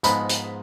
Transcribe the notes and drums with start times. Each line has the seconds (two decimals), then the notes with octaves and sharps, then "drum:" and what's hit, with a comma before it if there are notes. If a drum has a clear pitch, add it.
0.03 G#2 F3 G#3 B3 D#4 B5, drum: hi-hat
0.29 drum: hi-hat